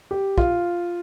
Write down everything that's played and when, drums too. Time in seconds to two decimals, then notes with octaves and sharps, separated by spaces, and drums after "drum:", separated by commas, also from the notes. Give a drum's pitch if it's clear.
0.11 G4
0.38 F4, drum: kick